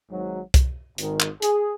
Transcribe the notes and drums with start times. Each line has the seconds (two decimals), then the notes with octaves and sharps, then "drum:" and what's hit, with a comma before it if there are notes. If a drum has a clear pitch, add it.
0.10 G#1 G#2 F#3
0.54 drum: kick C2, hi-hat
0.98 G#1 G#2 D#3, drum: hi-hat
1.20 drum: clap
1.42 G#4, drum: hi-hat